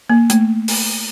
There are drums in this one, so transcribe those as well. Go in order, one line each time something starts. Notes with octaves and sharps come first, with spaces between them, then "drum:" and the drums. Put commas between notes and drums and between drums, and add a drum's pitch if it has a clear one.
A#3
A3, drum: hi-hat
drum: open hi-hat